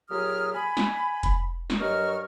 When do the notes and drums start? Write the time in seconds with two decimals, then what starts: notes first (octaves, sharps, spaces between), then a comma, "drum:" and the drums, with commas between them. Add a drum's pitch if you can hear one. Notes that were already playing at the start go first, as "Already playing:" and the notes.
0.09 A#2 F#3 G4 G#4 D#6 F6
0.54 G#5 B5
0.77 drum: snare
1.23 drum: kick F1, hi-hat
1.70 drum: snare
1.80 G2 F#3 A#4 D#5 C#6 F6